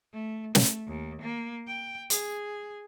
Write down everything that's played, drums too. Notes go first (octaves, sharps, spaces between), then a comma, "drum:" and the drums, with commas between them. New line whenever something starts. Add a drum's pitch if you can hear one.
A3
A3, drum: snare
D#2
A#3
G5
G#4, drum: hi-hat